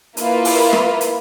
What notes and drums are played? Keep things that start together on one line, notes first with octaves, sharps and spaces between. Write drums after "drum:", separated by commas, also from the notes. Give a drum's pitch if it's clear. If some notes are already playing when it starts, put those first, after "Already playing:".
A#3 E4 F4 B4, drum: hi-hat
drum: open hi-hat
drum: rim click
drum: hi-hat